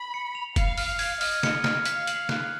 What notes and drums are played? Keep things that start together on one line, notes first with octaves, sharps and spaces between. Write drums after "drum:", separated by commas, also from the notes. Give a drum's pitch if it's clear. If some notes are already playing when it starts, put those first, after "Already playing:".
Already playing: B5
C#7
F7
F5 C#7, drum: kick, hi-hat
F6, drum: open hi-hat
G#6, drum: open hi-hat
D#5 F6, drum: open hi-hat
C#7, drum: snare
F6, drum: snare
F5 B6, drum: hi-hat
F#7, drum: hi-hat
F#6, drum: snare